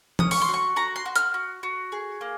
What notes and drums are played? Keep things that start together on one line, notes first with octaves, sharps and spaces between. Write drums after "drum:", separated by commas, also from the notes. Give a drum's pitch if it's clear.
C#4 D#6, drum: tom
C#6, drum: open hi-hat
C6
F#4
C#6
F#4 A#5
C6
F#4
F6, drum: hi-hat
F#4
F#4
G#4
A#3